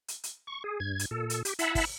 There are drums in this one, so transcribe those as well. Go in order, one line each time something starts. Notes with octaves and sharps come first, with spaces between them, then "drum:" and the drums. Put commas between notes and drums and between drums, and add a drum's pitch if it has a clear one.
drum: hi-hat
drum: hi-hat
C#6
G#4
G2 G#6
drum: hi-hat
A#2 A4
drum: hi-hat
G4, drum: hi-hat
E4 E5 F#5 A5 B5, drum: hi-hat
drum: kick, open hi-hat